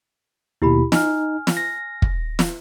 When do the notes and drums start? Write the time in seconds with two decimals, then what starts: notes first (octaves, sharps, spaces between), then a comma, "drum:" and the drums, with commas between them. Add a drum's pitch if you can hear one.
0.62 D#2 B2 E4 G4 B5
0.92 D#4 G#5 F6, drum: snare
1.47 drum: snare
1.57 A#6
2.02 drum: kick
2.39 drum: snare